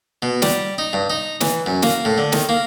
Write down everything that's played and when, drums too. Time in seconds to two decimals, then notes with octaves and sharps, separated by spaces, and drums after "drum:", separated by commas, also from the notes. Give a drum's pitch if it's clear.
0.22 B2
0.42 G3, drum: snare
0.78 D#4
0.93 G2
1.10 D#4
1.41 E3, drum: snare
1.66 F#2
1.82 A#3, drum: snare
2.05 A2
2.18 D3
2.32 D#3, drum: snare
2.49 A#3